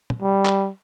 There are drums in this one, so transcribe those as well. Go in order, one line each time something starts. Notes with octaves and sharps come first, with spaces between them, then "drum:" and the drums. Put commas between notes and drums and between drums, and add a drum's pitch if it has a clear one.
drum: tom
G3
drum: clap